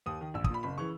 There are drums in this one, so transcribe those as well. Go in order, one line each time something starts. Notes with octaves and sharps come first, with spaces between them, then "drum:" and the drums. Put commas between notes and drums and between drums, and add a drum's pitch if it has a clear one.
D#2 D#6
D#3
A#1 E6
D#6, drum: kick
A#2 B5
F#1 B5
C#3 E3 C#6